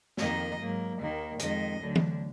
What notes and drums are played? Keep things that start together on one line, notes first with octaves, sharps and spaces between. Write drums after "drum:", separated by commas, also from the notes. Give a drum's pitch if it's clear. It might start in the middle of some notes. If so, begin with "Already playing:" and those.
F2 D#3 A#3 D#5, drum: snare
G#2 F#3 A#3
D#2 D#3 A#3
F2 D#3 G#3 D#5, drum: hi-hat
D2 D3 F#3
drum: tom E3